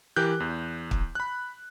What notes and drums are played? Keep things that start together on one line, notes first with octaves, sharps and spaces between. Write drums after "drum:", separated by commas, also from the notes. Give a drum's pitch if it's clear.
E3 G4 A#4 F#6 G6
E2
drum: kick
B5 F#6